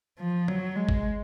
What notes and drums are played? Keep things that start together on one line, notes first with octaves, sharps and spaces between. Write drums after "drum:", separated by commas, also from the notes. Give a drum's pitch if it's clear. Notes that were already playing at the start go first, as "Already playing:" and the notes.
F3
F#3, drum: tom
G#3
drum: kick G#1